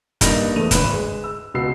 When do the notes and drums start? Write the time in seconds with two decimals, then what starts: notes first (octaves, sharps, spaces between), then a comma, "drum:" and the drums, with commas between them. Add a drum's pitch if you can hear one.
0.21 G2 A#3 D#4 A#6 F7, drum: kick, hi-hat
0.56 E2 A3 D#7 F7
0.71 G#1 D2 B4 E7, drum: kick, hi-hat
0.93 G#3
1.24 E6
1.54 C#2 B2 F#4 E6 C7